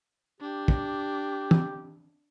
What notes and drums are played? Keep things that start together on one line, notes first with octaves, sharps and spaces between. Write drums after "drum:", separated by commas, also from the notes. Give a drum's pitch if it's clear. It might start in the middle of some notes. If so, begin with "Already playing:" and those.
D4 G4
drum: kick
drum: tom